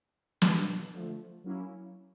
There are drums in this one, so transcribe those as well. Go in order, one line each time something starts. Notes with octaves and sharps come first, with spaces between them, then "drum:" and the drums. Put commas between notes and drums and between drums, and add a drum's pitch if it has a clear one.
B2 G3 A#3 D4, drum: snare
D3 F3 A3
F#3 A#3 C#4 E4